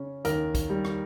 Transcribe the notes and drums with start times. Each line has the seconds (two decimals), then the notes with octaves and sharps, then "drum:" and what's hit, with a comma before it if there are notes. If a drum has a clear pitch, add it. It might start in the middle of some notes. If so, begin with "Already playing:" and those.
Already playing: C#3 C#4
0.25 D#2 A#4, drum: hi-hat
0.55 drum: kick, hi-hat
0.70 G3
0.85 drum: rim click